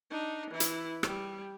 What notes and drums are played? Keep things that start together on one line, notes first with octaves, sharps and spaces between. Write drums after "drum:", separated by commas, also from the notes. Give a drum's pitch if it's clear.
D4 D#4
E3 E4
drum: hi-hat
G3, drum: rim click